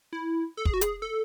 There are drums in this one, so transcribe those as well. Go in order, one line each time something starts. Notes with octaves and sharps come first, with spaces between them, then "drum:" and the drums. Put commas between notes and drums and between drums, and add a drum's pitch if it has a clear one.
E4
A4
G#4, drum: kick
F#4
G#4, drum: hi-hat
A4